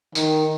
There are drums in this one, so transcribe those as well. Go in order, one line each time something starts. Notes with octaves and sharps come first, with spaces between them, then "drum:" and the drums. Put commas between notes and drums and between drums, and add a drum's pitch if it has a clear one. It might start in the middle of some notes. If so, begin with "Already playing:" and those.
D#3, drum: tambourine